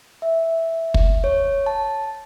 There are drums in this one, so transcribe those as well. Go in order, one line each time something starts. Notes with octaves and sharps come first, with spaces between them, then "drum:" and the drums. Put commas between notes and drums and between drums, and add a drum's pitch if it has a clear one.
E5
drum: kick
C#5
A5